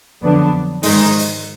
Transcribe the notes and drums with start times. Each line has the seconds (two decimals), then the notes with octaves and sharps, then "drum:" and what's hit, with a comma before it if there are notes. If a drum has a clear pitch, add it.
0.23 F2 D3 F#3 B3 D4
0.83 G#2 D#3 G#3 D#4, drum: open hi-hat
1.19 drum: hi-hat